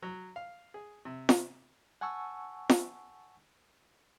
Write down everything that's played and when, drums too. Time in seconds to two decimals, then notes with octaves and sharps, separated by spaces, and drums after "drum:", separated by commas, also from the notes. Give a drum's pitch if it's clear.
0.02 F#3
0.36 F5
0.74 G#4
1.05 C3
1.29 drum: snare F4
2.01 F#5 G#5 A5 C#6 E6
2.69 drum: snare F4